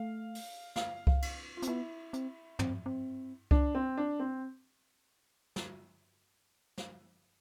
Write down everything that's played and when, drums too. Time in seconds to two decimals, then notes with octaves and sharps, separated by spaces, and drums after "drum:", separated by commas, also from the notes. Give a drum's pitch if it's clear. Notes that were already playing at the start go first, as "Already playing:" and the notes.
Already playing: A3 F5
0.35 drum: open hi-hat
0.76 F5, drum: snare
1.07 F5, drum: kick C2
1.22 drum: cymbal
1.57 F4
1.63 C4, drum: hi-hat
1.67 B3 E4
2.13 C4, drum: hi-hat
2.59 C4, drum: tom
2.86 C4
3.51 D4, drum: kick C2
3.75 C4
3.97 D4
4.20 C4
5.56 drum: snare
6.78 drum: snare